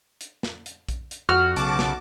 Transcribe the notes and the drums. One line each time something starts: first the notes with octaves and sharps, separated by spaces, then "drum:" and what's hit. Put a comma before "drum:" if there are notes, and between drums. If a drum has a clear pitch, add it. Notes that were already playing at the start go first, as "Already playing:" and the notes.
drum: hi-hat
drum: snare
drum: hi-hat
drum: kick A#1, hi-hat
drum: hi-hat
F2 F#4 F6
B1 C#3 A5 D6, drum: hi-hat
drum: snare